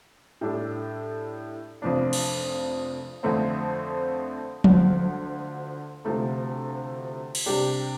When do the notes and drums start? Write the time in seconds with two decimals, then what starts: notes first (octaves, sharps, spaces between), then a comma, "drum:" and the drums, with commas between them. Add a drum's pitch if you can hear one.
0.41 A2 G3 D4 A4
1.82 F1 F2 F3 D4
2.13 drum: cymbal
3.23 F2 D3 F3 A3 C4
4.64 D2 D3 F3, drum: tom F3
6.05 D2 C3 F3 A3
7.35 drum: cymbal
7.46 C3 G3 D4 G4